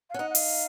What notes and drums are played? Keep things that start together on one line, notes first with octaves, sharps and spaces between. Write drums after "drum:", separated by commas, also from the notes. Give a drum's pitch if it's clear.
F5
C#4 D#4 F#5
F#5
F5, drum: open hi-hat